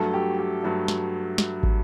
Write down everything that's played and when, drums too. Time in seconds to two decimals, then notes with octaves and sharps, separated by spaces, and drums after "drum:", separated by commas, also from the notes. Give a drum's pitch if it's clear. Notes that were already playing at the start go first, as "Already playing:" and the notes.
Already playing: G2 F#3 A3 A4
0.14 G4
0.39 G4
0.63 G2 F#3 A3
0.88 drum: snare
1.38 drum: snare
1.63 drum: kick